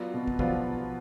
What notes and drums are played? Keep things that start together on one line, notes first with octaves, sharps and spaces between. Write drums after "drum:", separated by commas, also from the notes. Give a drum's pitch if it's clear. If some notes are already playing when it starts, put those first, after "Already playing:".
Already playing: F#3 B3 F4 B4 D5
B2
drum: kick
F3 F#3 B3 F4 B4 D5, drum: kick